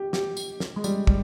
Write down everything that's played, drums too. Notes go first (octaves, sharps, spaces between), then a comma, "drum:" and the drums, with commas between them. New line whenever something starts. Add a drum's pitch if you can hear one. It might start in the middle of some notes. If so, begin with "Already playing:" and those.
Already playing: G4
G4, drum: snare
drum: tambourine
drum: snare
G#3
G3, drum: tambourine
G3, drum: kick